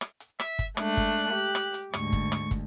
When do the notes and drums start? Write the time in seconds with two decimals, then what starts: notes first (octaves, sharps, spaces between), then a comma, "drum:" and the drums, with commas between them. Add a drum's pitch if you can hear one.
0.01 drum: rim click
0.20 drum: hi-hat
0.40 E5, drum: rim click
0.59 drum: kick, hi-hat
0.77 G#3 A3 D4 F#6, drum: rim click
0.97 drum: kick, hi-hat
1.30 G4
1.55 drum: rim click
1.74 drum: hi-hat
1.93 D2 G#2 C#6, drum: rim click
2.12 drum: kick, hi-hat
2.32 drum: rim click
2.51 drum: kick, hi-hat